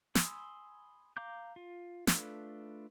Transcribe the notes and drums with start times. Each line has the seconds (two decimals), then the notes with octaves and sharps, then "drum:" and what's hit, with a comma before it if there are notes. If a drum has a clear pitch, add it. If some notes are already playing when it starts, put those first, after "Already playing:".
0.15 G#5 B5 C6 D#6 E6, drum: snare
1.17 F5 A#5 D6 G6
1.56 F4
2.07 A3 D4 F4 A4 B4, drum: snare